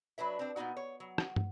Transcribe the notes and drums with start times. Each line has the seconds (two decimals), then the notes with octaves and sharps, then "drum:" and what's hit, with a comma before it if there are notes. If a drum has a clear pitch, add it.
0.18 F#3 D4 B4 E5
0.39 C4 D4
0.56 A#2 C#3 B3 D#4 F#4
0.77 C#5
1.00 F#3
1.18 drum: rim click
1.36 drum: tom